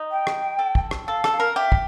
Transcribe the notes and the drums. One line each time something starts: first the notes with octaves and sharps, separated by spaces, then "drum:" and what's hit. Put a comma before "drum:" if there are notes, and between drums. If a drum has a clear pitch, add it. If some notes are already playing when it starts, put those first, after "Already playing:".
Already playing: D#4
G5
drum: rim click
A4
drum: kick
drum: rim click
A4 F5
A4, drum: rim click
F5
A#4
G4 E5
drum: kick